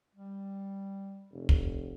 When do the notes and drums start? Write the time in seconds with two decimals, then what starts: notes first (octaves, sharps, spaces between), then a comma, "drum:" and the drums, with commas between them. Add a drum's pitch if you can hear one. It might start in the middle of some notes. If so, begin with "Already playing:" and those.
0.15 G3
1.32 F1
1.49 drum: kick